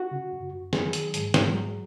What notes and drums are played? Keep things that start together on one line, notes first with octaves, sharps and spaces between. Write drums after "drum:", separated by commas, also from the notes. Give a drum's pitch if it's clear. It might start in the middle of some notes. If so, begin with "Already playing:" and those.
Already playing: F#4
C#3
F#2
F#2
F#3 G#4, drum: snare
D#3, drum: hi-hat
G#2, drum: hi-hat
G#2, drum: snare
F#3